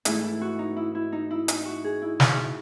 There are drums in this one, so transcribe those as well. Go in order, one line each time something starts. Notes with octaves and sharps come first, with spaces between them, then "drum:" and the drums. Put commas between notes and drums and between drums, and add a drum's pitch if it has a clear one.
G#2 E3 A3 E4, drum: hi-hat
E4
F#4
D#4
E4
E4
D#4
E4
D#4, drum: hi-hat
F#4
G#4
E4
F#4, drum: snare
E4